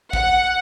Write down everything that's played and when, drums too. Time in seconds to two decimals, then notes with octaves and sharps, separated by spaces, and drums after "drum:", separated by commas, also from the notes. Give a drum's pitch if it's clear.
0.13 F#5, drum: kick